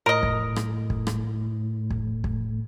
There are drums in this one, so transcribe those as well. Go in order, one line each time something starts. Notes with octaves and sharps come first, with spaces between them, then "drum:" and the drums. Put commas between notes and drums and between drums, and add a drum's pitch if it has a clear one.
A2 A#4 D#5
drum: kick
drum: rim click
drum: kick
drum: rim click
drum: kick
drum: kick